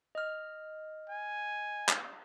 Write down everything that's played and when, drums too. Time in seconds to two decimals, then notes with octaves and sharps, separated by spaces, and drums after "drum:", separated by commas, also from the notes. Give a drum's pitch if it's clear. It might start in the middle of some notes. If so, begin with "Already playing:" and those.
0.15 D#5 F6
1.09 G#5
1.89 drum: clap